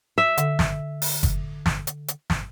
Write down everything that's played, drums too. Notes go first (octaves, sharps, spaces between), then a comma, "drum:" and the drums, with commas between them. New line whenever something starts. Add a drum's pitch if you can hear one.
E5
D3, drum: hi-hat
drum: snare
drum: open hi-hat
drum: kick F#1, hi-hat
drum: snare
drum: hi-hat
drum: hi-hat
drum: snare